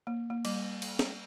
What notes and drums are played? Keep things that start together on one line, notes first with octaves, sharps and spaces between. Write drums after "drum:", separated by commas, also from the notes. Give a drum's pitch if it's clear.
A#3
A#3
G3, drum: cymbal
drum: cymbal
drum: snare